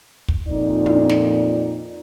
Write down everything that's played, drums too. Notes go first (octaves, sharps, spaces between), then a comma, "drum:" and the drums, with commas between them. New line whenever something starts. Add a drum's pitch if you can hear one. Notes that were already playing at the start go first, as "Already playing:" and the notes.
drum: kick
F2 A#2 D#4 D5
drum: tom
drum: snare